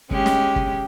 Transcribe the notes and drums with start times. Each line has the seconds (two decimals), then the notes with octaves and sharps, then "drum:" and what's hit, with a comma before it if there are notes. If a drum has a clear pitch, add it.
0.11 G#3 C#4 G4, drum: kick
0.26 drum: snare
0.56 drum: kick